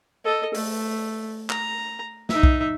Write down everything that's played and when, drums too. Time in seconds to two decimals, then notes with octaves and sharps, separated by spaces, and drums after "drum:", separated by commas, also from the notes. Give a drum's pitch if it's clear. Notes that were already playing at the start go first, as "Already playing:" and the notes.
0.25 A4 D#5
0.55 A3, drum: open hi-hat
1.50 A#5, drum: clap
2.29 D#4 E5, drum: snare
2.43 drum: kick